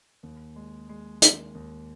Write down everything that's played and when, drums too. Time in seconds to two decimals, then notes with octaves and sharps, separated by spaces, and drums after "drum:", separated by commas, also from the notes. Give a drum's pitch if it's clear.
0.23 D#2
0.56 G#3
0.89 G#3
1.22 D#3, drum: hi-hat
1.55 D#2